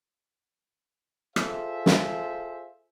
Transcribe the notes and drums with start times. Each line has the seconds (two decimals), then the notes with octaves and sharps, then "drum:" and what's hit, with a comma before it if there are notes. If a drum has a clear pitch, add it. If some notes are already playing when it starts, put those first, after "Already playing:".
1.36 F4 G#4 A4 C5 E5, drum: rim click
1.86 drum: snare